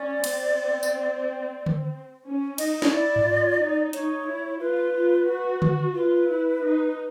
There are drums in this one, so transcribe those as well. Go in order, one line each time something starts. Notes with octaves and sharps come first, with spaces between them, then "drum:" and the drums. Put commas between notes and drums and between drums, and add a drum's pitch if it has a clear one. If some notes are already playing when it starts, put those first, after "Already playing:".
Already playing: C#4 D5
C4, drum: cymbal
drum: tambourine
drum: tom D3
C#4
D#4 D#5, drum: cymbal
C#5, drum: snare
E4 D5
drum: tom G#2
F4
D#4
D#4 C#5, drum: hi-hat
E4
F4 B4
F4
F#4
drum: tom D3
F4 B4
E4
D#4